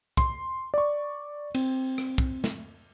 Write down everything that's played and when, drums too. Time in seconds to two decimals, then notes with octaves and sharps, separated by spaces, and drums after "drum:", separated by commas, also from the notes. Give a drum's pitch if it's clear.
0.17 C6, drum: kick
0.74 D5 C#6
1.54 C4, drum: cymbal
1.98 drum: rim click
2.18 drum: kick
2.44 drum: snare